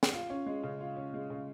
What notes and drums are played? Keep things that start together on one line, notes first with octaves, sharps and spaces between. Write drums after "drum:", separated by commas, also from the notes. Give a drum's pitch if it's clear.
drum: snare
F4
C#4
G#3
C#3
F4
C#4
G#3
C#3